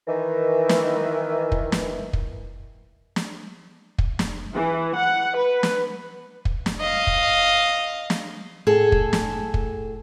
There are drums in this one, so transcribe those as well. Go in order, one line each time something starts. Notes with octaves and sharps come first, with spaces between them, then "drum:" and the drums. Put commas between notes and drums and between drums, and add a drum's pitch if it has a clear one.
D#3 E3
drum: snare
drum: kick
drum: snare
drum: kick
drum: snare
drum: kick
drum: snare
E3
F#5
B4
drum: snare
drum: kick
drum: snare
D#5 F5
drum: kick
drum: snare
A2 G#4 A4
drum: kick
drum: snare
drum: kick